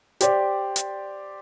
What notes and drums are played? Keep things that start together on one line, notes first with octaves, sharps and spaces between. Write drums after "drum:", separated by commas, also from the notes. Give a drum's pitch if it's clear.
G4 C5 D5, drum: hi-hat
drum: hi-hat